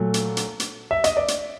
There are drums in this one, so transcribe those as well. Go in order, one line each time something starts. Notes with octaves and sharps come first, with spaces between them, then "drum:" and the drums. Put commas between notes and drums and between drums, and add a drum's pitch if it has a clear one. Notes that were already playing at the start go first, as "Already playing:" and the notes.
Already playing: A#2 F#3 A3
drum: hi-hat
drum: hi-hat
drum: hi-hat
E5
D#5, drum: hi-hat
D5
drum: hi-hat